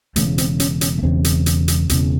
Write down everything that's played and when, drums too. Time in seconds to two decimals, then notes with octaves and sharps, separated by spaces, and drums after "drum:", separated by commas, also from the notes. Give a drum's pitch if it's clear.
0.16 E1 E2 C#3 A3, drum: hi-hat
0.38 C4, drum: hi-hat
0.60 C#4, drum: hi-hat
0.81 C#4, drum: hi-hat
0.98 A3
1.03 E1 E2 C#3 C4
1.24 drum: hi-hat
1.46 drum: hi-hat
1.68 drum: hi-hat
1.89 E1 E2 C#3, drum: hi-hat